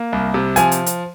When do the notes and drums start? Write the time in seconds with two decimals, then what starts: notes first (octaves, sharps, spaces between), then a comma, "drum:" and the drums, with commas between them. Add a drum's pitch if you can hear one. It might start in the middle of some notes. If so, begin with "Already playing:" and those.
Already playing: A#3
0.12 C2
0.34 C3
0.56 F3 G#5, drum: hi-hat
0.72 drum: hi-hat
0.86 drum: hi-hat